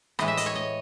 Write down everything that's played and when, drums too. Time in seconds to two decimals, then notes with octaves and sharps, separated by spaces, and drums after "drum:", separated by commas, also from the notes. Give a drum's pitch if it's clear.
0.19 A2 E3 G#3 D#5, drum: rim click
0.28 E5
0.37 D#5, drum: hi-hat
0.46 C#5
0.55 D#5